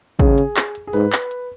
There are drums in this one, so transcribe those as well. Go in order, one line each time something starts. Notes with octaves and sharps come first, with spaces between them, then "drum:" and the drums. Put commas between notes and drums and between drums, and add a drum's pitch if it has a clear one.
C#3 G#4, drum: kick, hi-hat
drum: hi-hat
drum: clap
drum: hi-hat
G#4
G#2 B4, drum: open hi-hat
drum: clap
drum: hi-hat